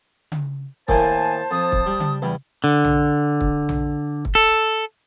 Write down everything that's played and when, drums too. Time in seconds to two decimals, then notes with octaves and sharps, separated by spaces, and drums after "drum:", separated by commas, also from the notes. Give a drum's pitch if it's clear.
0.32 drum: tom C#3
0.88 A2 D#3 A#3 C5 G#5 A5, drum: kick
1.51 F2 D#6
1.72 drum: kick
1.86 G3
2.00 drum: tom C#3
2.22 E2 G3
2.64 D3
2.84 drum: tom A#1
3.41 drum: kick
3.69 drum: tom A#1
4.25 drum: kick
4.35 A4